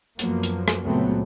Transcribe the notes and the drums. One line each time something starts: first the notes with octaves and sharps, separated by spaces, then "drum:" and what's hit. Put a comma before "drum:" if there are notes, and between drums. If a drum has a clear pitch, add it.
F#2 F3 F#3 A#3 B3, drum: hi-hat
drum: hi-hat
drum: rim click
C#2 A#2 F#3 A3 B3 C4